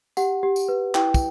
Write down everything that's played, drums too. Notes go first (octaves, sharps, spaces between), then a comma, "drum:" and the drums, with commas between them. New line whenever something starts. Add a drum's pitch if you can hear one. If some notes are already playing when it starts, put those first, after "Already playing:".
G4 F#5, drum: tambourine
G4
drum: tambourine
B4
E4 G5, drum: clap
drum: kick, tambourine